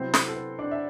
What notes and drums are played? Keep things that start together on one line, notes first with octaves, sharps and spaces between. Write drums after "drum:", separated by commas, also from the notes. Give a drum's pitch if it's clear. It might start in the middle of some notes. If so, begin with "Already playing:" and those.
Already playing: C3 F#3 B3 C4 E4 C5
A4, drum: snare
A4
B4
D4 D5
E5